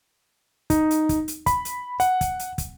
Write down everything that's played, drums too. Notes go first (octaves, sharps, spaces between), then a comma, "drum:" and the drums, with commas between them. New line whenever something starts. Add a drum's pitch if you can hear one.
D#4, drum: kick, hi-hat
drum: hi-hat
drum: kick, hi-hat
drum: hi-hat
B5, drum: kick, hi-hat
drum: hi-hat
F#5, drum: hi-hat
drum: kick, hi-hat
drum: hi-hat
drum: kick, hi-hat